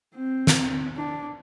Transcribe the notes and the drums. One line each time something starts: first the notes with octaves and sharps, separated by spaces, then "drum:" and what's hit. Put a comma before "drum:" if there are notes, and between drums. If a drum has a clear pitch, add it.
C4
drum: snare
D4